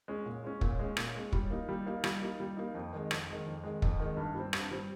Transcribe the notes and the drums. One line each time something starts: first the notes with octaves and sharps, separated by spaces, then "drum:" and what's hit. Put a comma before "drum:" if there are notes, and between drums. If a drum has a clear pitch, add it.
G#3 C#4
A#2
G#3 C#4
A#2, drum: kick
G#3 C#4
A#2, drum: rim click
G#3 C#4
G3, drum: kick
A#3 D#4
G3
A#3 D#4
G3, drum: rim click
A#3 D#4
G3
A#3 D#4
F2
D#3 G#3
F2, drum: rim click
D#3 G#3
F2
D#3 G#3
F2, drum: kick
D#3 G#3
G2
G3 C4
G2, drum: rim click
G3 C4